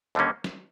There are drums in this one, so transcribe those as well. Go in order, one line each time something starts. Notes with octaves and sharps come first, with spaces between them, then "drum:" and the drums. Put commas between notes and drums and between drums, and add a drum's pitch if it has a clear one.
D#2 D3 G3 A#3 C#4
drum: snare